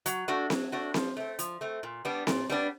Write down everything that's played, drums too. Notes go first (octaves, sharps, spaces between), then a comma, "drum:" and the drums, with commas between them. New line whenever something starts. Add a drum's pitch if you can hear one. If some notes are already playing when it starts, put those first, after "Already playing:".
F#3, drum: hi-hat
A3 D4 F#4
F#3, drum: snare C4
A3 D4 F#4
F3, drum: snare C4
A3 C4
F3, drum: hi-hat
A3 C4
A#2
G3 B3 D4
A#2, drum: snare C4
G3 B3 D4